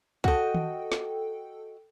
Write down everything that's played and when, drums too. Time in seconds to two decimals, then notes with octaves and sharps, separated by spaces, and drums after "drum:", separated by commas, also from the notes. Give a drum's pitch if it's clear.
0.24 F#4 A4 D#5 G5, drum: kick
0.54 drum: tom D#3
0.92 drum: snare